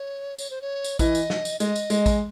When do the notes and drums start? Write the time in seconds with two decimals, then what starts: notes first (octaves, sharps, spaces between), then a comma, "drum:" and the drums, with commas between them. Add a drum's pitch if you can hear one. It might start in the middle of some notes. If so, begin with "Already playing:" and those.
Already playing: C#5
0.38 C#5, drum: tambourine
0.50 C5
0.62 C#5
0.84 drum: tambourine
0.99 E3 D#5, drum: kick A1, tambourine
1.15 drum: tambourine
1.30 drum: snare
1.45 drum: tambourine
1.60 G#3 D#5, drum: tambourine
1.76 drum: tambourine
1.90 G#3, drum: tambourine
2.06 drum: kick A1, tambourine